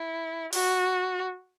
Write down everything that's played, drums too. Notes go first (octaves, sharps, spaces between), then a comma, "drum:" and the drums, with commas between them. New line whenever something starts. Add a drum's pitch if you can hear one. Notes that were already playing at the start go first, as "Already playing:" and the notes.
Already playing: E4
F#4, drum: open hi-hat